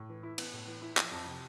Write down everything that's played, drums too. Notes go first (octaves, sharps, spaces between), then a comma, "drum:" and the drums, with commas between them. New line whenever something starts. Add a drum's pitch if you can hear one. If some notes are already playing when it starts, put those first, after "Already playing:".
Already playing: A2
E3
E4
B3, drum: cymbal
A2
E3
E4
F3, drum: clap
F2
C3